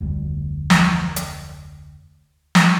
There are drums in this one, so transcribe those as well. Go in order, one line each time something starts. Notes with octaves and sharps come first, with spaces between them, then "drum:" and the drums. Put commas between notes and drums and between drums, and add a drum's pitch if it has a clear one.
F1 D2 G3
drum: snare
drum: hi-hat
drum: snare